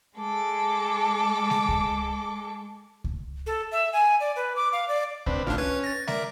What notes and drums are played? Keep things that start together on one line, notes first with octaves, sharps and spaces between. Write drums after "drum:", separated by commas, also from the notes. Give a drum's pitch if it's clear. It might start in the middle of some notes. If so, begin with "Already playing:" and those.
G#3 A4 D6
drum: snare G#3
drum: kick C#2
drum: kick C#2
A4
E5
G#5
D5
B4
D6
F5
D5
C4 D4 B4, drum: kick C#2
G#1 A2 D3 D4 F4
C#4 B4 G#6
A6 A#6
A#4 D5 E5, drum: snare G#3